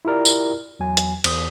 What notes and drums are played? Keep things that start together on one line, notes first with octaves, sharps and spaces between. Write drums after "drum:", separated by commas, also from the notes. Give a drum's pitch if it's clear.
E4 F4 G4 A#4 D5
drum: tambourine
E2 F#3 G#5
drum: hi-hat
E2 C5 D#6, drum: cymbal